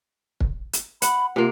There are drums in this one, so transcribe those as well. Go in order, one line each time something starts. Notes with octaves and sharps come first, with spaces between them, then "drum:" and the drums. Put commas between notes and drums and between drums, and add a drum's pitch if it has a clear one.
drum: kick
drum: hi-hat
F#5 B5, drum: hi-hat
C3 A#3 F4